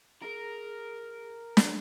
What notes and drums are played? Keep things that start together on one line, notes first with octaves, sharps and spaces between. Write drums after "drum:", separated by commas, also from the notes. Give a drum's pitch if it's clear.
G#4 A#4
drum: snare